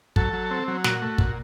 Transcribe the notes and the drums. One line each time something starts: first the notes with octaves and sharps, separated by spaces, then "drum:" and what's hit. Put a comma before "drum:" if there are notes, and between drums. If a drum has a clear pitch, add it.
F#3 A4, drum: kick
F#3
C4
F#3
A#2 F#4, drum: snare
A3
A#2, drum: kick